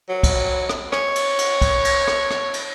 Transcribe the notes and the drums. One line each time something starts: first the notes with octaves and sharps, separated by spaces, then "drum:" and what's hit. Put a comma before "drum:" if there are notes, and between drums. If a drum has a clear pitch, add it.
F#3
drum: kick, cymbal
drum: rim click
C#5, drum: rim click
drum: cymbal
drum: cymbal
drum: kick, cymbal
drum: cymbal
drum: rim click
drum: rim click
drum: cymbal